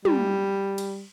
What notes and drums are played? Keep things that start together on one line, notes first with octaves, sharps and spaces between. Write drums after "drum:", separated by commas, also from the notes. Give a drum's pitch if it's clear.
G3, drum: tom
drum: cymbal